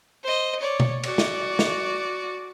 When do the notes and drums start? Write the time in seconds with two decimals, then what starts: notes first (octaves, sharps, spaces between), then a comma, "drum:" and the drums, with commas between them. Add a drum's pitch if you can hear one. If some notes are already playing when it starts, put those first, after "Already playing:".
0.23 C5 D#5
0.60 C#5 D5
0.80 drum: tom B2
1.03 F#4 D5, drum: cymbal
1.18 drum: snare
1.59 drum: snare